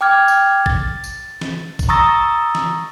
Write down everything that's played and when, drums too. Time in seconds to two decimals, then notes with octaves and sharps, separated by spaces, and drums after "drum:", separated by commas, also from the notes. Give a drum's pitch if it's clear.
0.01 G5 D6 F6 G#6
0.28 drum: tambourine
0.66 A6, drum: kick
1.04 drum: tambourine
1.41 drum: snare
1.79 drum: kick, tambourine
1.89 A#5 C#6 D#6 E6 A6 A#6
2.55 drum: snare